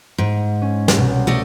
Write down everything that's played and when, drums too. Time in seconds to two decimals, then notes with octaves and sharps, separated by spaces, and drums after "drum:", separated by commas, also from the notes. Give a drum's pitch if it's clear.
0.18 G#2
0.62 C#4
0.88 drum: snare
0.97 C2 B2
1.27 A3 D5 D#5